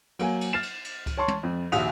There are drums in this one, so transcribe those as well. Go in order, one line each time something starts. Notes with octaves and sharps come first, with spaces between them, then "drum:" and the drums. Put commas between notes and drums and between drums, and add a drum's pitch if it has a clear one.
F#3 A#3 G#5, drum: cymbal
drum: cymbal
F6 A6 C7 E7
drum: cymbal
drum: cymbal
drum: kick C#2, cymbal
C#5 A5 C6 C#6
drum: tom
F2
A#1 D#2 F#4 E5 D#6 F7, drum: cymbal